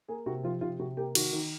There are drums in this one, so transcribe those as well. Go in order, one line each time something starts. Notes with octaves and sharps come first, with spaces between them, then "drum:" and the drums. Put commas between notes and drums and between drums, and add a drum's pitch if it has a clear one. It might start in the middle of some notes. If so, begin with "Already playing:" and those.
A#3 G#4
C3 F#4
F3 F4
C3 F4
C3 F#4
A#3 G4
D#3 F#4, drum: cymbal
D#3